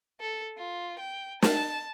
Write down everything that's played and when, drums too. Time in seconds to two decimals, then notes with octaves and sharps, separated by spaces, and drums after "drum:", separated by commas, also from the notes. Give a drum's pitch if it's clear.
0.21 A4
0.57 F4
0.99 G5
1.42 A5, drum: snare